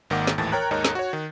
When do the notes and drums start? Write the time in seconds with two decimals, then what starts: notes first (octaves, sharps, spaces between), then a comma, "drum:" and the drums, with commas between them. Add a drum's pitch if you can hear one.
0.10 G#1 D#3 A#3 F#5 D6
0.27 drum: snare
0.38 G#1 D#2 A2 E3 A5 A6
0.52 A#4 C#5 G5 A#5 F#6
0.71 D#2 G#2 D#4 A#4 C#5 A#5
0.85 drum: snare
0.95 F#4 C#5
1.13 D#3